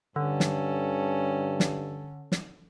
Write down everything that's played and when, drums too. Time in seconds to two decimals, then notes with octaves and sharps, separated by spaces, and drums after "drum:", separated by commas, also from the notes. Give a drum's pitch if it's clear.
0.16 G2 D3 C#4 A4
0.40 drum: snare
1.60 drum: snare
2.32 drum: snare